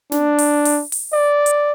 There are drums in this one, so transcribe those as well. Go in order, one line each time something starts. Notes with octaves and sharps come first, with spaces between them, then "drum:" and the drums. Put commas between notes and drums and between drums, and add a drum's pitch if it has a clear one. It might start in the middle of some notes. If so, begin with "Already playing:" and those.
D4, drum: snare
drum: open hi-hat
drum: open hi-hat
drum: open hi-hat
D5
drum: hi-hat